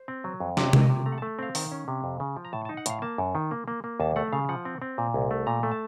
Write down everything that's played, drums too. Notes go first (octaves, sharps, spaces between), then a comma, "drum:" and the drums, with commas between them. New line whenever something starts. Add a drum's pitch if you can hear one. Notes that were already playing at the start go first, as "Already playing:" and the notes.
Already playing: C5
C4
F#3
F2
C3 C#5, drum: snare
D#5
C#5
F#3, drum: tom C3
D#5
C3
A3 A#5
F#5
A5
A3
C4 F5
D#3, drum: open hi-hat
C#4
C3
F2
C#3
F3
A#5
A2 A5
A5
D#4
F#5
A2 F5, drum: hi-hat
A#3 A5
F#2
D#3
A#3
A#3
A#3
D#2 A5
A3 F#5
C#3 F5
F3 F#5
C4
C4
A#2
C2
A3
A#2 A#5
A3
A5